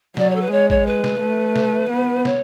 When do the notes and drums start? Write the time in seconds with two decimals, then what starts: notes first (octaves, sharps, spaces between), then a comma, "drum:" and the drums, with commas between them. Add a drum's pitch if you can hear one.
0.17 F#3 D5, drum: snare
0.30 C#5
0.35 A4
0.41 B4
0.52 G#3 C#5
0.70 C#5, drum: kick A1
0.86 B4
1.04 drum: snare
1.21 A3
1.56 drum: snare
1.90 B3
2.25 C#5, drum: snare